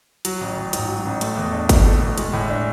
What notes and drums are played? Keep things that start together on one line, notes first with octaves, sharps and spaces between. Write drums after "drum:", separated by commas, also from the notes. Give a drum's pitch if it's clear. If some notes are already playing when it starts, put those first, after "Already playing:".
F#3, drum: hi-hat
A1
A1
G#2, drum: hi-hat
F#3
A1
A3, drum: hi-hat
E2
D4
B2, drum: kick G1, hi-hat
A3
E2
G#3, drum: hi-hat
A2
D4